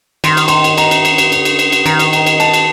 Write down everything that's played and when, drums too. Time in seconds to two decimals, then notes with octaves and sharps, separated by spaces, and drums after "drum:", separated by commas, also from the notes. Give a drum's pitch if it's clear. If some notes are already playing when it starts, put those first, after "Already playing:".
0.24 D#3 C6, drum: cymbal
0.37 drum: cymbal
0.48 C6, drum: cymbal
0.64 drum: cymbal
0.78 A#5, drum: cymbal
0.91 drum: cymbal
1.05 drum: cymbal
1.18 drum: cymbal
1.32 D3, drum: cymbal
1.45 drum: cymbal
1.59 drum: cymbal
1.72 drum: cymbal
1.86 D#3 A#5, drum: cymbal
1.99 drum: cymbal
2.13 drum: cymbal
2.26 drum: cymbal
2.40 A5, drum: cymbal
2.54 drum: cymbal